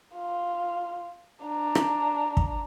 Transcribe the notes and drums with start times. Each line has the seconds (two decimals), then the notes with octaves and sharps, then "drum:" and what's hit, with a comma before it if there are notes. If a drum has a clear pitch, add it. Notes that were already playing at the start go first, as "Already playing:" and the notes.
0.16 F4
1.45 D4 A#5
1.75 drum: rim click
2.37 drum: kick